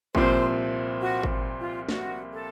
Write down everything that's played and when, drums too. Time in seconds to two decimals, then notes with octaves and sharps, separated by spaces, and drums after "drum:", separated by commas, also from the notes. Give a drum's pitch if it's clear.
0.15 C2 A#2 F3 C4 C5, drum: kick G#1
1.02 F#4
1.23 drum: kick G#1
1.59 F4
1.89 F#4, drum: snare
2.32 A4